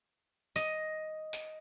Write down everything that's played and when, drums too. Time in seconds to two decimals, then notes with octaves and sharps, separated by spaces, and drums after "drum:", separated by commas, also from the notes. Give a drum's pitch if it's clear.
0.56 D#5, drum: tambourine
1.33 drum: tambourine